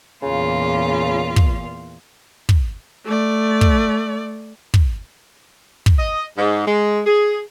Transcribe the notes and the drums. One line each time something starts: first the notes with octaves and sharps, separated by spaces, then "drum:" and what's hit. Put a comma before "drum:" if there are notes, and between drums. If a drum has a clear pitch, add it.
E2 A#2 C#3 F4
drum: kick
drum: kick
A3 D5
drum: kick
drum: kick
drum: kick
D#5
G#2
G#3
G#4